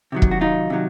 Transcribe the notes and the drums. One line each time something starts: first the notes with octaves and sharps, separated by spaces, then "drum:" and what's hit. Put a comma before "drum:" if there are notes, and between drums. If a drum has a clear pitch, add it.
C3 D#3 F#3
drum: kick
F#4
D#4 F4
C3 D#3 F#3